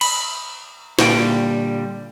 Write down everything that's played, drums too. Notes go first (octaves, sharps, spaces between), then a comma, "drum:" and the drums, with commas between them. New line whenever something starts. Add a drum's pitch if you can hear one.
B5, drum: cymbal
A#2 D3 G3 G5, drum: snare